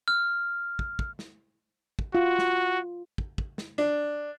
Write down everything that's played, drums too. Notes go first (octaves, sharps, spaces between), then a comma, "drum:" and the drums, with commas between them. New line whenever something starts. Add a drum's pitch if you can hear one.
F6
drum: kick
drum: kick
drum: snare
drum: kick
F4 F#4
drum: snare
drum: kick
drum: kick
drum: snare
D4